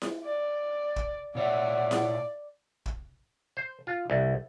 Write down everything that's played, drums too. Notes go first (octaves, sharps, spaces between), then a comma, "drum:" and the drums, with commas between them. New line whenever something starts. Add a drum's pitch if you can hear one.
drum: snare E4
D5
drum: kick
A#2 C#5 D5 E5 F#5
drum: snare E4
drum: kick
C5
F4
C2